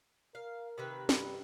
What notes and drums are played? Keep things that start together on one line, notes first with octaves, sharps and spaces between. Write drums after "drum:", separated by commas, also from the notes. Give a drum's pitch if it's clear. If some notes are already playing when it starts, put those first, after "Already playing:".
A#4 F5
C3 D#3 B4
G2, drum: snare